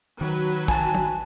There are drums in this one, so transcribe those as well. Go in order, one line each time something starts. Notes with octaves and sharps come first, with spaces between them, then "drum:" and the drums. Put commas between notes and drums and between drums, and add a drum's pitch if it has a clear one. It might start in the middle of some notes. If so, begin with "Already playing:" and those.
D#3 F#3 B4
G#5 A5, drum: kick
drum: tom